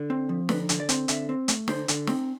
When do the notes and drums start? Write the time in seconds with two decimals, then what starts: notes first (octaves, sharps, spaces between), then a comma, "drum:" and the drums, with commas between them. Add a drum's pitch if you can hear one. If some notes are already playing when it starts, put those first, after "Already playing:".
Already playing: D3
0.10 C4
0.29 F3
0.49 D3 B4, drum: snare
0.69 D3, drum: hi-hat
0.80 D5
0.89 C4, drum: hi-hat
1.08 D3 E5, drum: hi-hat
1.29 C4
1.48 A3, drum: hi-hat
1.68 D3 C5, drum: snare
1.88 D3, drum: hi-hat
2.07 C4, drum: snare